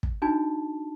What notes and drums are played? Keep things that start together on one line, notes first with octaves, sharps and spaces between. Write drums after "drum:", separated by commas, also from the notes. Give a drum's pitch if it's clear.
drum: kick
D4 D#4 F#4 A5